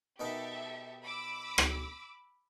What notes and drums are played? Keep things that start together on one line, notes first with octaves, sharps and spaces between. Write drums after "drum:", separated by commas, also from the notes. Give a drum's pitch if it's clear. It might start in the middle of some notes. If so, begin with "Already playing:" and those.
B2 D#4 G4 A4 A#4 E5
B5 D6 E6
drum: rim click